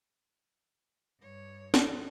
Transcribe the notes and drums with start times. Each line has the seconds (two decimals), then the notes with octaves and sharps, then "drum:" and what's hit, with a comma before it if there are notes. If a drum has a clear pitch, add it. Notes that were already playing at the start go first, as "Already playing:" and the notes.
1.20 G2 C#5
1.74 drum: snare